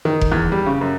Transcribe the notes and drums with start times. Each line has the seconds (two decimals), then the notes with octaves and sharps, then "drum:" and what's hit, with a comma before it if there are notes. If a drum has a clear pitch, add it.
0.05 D#3
0.21 drum: kick F1
0.32 E2
0.52 G3
0.66 C#3
0.81 F#2